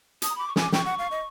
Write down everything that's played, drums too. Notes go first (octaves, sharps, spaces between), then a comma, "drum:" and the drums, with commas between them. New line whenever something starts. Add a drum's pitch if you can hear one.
A5 D#6, drum: hi-hat
A#5
B5 D6
C#6
G#5 D6 D#6, drum: snare
G5 C#6, drum: snare
F#5
F5
D#5